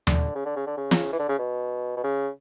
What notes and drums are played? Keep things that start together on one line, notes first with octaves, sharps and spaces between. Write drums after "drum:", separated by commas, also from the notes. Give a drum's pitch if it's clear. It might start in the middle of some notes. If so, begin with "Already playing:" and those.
D3, drum: tom D#2
C#3
D3
C#3
D3
C#3
drum: snare
E3
D3
C#3
B2
B2
C#3